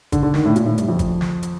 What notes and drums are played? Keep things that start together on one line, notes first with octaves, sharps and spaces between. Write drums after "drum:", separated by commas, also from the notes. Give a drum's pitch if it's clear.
D3, drum: kick G1, hi-hat
D3
D#3, drum: snare
A2
A#2, drum: hi-hat
A2
G2, drum: hi-hat
F2
drum: kick G1, hi-hat
drum: snare
drum: hi-hat